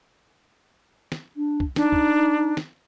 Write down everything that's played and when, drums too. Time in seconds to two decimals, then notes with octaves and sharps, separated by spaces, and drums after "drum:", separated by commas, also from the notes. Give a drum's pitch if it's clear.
1.12 drum: snare
1.37 D4
1.60 drum: kick C2
1.76 D4 D#4, drum: snare
1.93 drum: kick C2
2.57 drum: snare